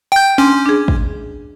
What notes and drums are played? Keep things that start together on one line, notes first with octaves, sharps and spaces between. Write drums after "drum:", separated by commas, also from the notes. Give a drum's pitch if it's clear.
G5 G6
C#4 D4 C6
D4 G#4
drum: kick